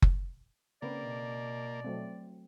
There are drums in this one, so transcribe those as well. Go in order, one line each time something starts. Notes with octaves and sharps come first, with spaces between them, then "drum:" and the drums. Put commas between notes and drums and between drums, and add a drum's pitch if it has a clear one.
drum: kick F#1
C#3 A#3 C4 B4 D5
B2
F#3 A3 C4